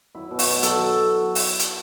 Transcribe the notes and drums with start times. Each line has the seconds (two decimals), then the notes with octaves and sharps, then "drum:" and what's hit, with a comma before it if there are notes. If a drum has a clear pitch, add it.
0.15 F#3 E4
0.31 B2
0.39 F#4, drum: open hi-hat
0.47 B2
0.63 F#3 A4, drum: hi-hat
0.79 F#3
1.35 drum: open hi-hat
1.59 drum: hi-hat